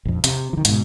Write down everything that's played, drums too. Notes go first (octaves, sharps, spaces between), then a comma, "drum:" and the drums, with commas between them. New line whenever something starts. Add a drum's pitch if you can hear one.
A#1 F2
C3, drum: hi-hat
D#3 E3
G#2 B2, drum: hi-hat